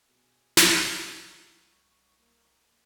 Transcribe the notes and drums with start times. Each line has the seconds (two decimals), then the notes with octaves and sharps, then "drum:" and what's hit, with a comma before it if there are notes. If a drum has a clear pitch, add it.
0.09 B2 G#4
0.57 drum: snare
1.08 C2 A#5 C#6 F7
2.18 A#3